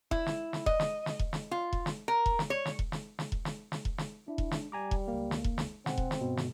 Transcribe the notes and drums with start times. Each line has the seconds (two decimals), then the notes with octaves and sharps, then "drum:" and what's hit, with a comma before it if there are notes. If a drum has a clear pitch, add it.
0.11 E4, drum: kick E1
0.26 drum: snare
0.53 drum: snare
0.66 D#5, drum: kick E1
0.80 drum: snare
1.06 drum: snare
1.19 drum: kick E1
1.33 drum: snare
1.51 F4
1.73 drum: kick E1
1.86 drum: snare
2.08 A#4
2.26 drum: kick E1
2.39 drum: snare
2.50 C#5
2.66 drum: snare
2.79 drum: kick E1
2.92 drum: snare
3.19 drum: snare
3.32 drum: kick E1
3.45 drum: snare
3.72 drum: snare
3.85 drum: kick E1
3.98 drum: snare
4.28 D4 E4
4.38 drum: kick E1
4.51 drum: snare
4.72 G3 G#5 A#5 D6
4.91 drum: kick E1
5.08 C#2 A#3
5.31 drum: snare
5.44 drum: kick E1
5.58 drum: snare
5.86 B2 C4 F#5 G#5, drum: snare
5.98 drum: kick E1
6.11 drum: snare
6.21 G2 B2
6.37 drum: snare